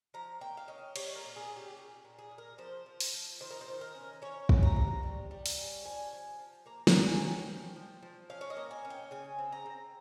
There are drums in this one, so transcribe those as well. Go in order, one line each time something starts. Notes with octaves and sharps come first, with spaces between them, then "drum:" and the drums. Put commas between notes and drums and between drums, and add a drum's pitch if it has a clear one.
F3 A#5
A#3 G5
F5
C#4 D#5
G3 C#5, drum: cymbal
A#4
A#2
G#4
C#4
G4
A#2 G#4
A#2
G#4
A#2
A#4
F3 C5
F3
drum: open hi-hat
F3
D#3 C5
A#4
C5
D#3
A#4
C#4
C#4 C#5
C3, drum: kick
A#5
C3
G3
G3
drum: open hi-hat
C#4
F3 G#5
F3
F3
A#3 A#5
A#5, drum: snare
A#2
G#5
C#4
G5
F3 G5
F3
F3
C#4 F5
C#5
D#5
A#3
G#5
C#4
G5
C#3 G#5
C4
A#5
C4